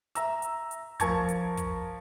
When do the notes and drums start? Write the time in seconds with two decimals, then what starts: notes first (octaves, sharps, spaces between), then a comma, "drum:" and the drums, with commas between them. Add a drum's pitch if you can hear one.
0.15 E5 A#5 E6, drum: hi-hat
0.42 drum: hi-hat
0.71 drum: hi-hat
1.00 F3 A#4 A5 C#6 G#6, drum: kick, hi-hat
1.29 drum: hi-hat
1.57 drum: kick, hi-hat